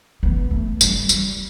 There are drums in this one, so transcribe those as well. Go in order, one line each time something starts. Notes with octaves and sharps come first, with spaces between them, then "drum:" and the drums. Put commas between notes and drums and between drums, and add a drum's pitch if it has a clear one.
B3
A3
G3, drum: tambourine
G3, drum: tambourine